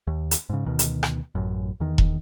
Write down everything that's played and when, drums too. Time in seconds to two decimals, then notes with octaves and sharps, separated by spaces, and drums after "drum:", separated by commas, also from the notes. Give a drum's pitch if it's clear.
0.07 D#2
0.31 drum: hi-hat
0.49 G#2 C#3
0.66 D2 B2 D#3
0.79 drum: hi-hat
1.03 drum: rim click
1.35 A1 F#2
1.80 E2 D#3
1.98 drum: kick E1